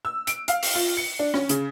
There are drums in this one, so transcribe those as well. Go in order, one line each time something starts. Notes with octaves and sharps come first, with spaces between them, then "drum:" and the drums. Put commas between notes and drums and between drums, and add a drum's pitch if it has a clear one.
E6
D7, drum: hi-hat
F5, drum: hi-hat
drum: open hi-hat
F4
C#7
D4
C#4, drum: rim click
C#3, drum: hi-hat